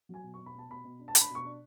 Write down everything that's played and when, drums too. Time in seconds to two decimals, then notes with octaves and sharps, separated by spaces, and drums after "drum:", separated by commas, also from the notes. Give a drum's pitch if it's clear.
0.09 F#3 G#5
0.23 B2
0.34 C#6
0.39 B2
0.46 B5
0.54 B2 A5
0.69 B2 B5
0.84 B2
0.99 D4
1.08 A5
1.15 D4, drum: hi-hat
1.21 B5
1.30 B2 C#6
1.45 D4